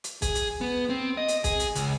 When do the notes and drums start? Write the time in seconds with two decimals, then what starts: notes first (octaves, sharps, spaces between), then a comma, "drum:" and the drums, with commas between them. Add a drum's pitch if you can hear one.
0.04 drum: hi-hat
0.22 G#4, drum: kick, hi-hat
0.35 drum: hi-hat
0.61 B3
0.90 C4
1.17 D#5
1.29 drum: hi-hat
1.44 G#4, drum: kick, hi-hat
1.60 drum: hi-hat
1.75 C#2, drum: hi-hat